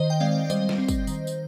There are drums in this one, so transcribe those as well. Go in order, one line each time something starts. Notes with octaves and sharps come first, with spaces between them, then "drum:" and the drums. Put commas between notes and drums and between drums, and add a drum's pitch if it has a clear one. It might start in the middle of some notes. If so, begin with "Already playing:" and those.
Already playing: D#3 C5 D#5
G5
G#3 C4 D5 F5
G3 C5 D#5, drum: tambourine
drum: snare
C4
drum: kick, tambourine
D#3, drum: tambourine
drum: tambourine